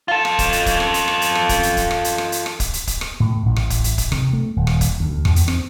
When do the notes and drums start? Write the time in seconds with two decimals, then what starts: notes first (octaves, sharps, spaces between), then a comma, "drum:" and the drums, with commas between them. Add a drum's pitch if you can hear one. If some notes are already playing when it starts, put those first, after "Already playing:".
0.08 F4 A4
0.25 drum: rim click
0.39 drum: kick, hi-hat
0.52 drum: hi-hat
0.66 drum: kick, hi-hat
0.80 drum: rim click
0.94 drum: hi-hat
1.08 drum: rim click
1.22 drum: hi-hat
1.35 drum: rim click
1.49 drum: kick, hi-hat
1.63 drum: hi-hat
1.77 drum: kick, hi-hat
1.91 drum: rim click
2.04 drum: hi-hat
2.18 drum: rim click
2.32 drum: hi-hat
2.46 drum: rim click
2.60 drum: kick, hi-hat
2.74 drum: hi-hat
2.87 drum: kick, hi-hat
3.01 drum: rim click
3.20 A2
3.46 A1
3.56 drum: rim click
3.70 drum: kick, hi-hat
3.84 drum: hi-hat
3.98 drum: kick, hi-hat
4.12 C3, drum: rim click
4.33 A3
4.56 D#1
4.67 drum: rim click
4.81 drum: kick, hi-hat
5.00 D2
5.25 E2, drum: rim click
5.36 drum: hi-hat
5.48 C4, drum: rim click